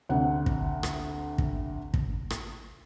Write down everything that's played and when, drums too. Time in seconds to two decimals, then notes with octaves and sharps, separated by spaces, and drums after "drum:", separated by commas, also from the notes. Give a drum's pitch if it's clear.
0.09 D2 C3 F#5
0.46 drum: kick
0.83 drum: rim click
1.38 drum: kick
1.94 drum: kick
2.30 drum: rim click